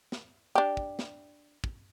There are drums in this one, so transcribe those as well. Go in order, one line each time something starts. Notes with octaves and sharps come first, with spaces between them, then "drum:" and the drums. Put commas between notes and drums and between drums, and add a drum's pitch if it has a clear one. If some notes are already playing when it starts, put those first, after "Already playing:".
drum: snare
D4 G4
drum: kick
drum: snare
drum: kick